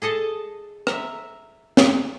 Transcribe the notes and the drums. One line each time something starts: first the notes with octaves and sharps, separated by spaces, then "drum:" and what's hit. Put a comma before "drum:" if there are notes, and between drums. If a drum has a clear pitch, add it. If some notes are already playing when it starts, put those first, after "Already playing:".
G#4 A4 D#5 A5
E5 A#5, drum: rim click
drum: snare